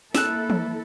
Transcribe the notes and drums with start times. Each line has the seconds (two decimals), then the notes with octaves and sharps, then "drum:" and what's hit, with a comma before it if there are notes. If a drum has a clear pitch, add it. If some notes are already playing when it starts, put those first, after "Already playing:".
0.15 A#3 E4 A4 E6 F#6, drum: snare
0.50 drum: tom E3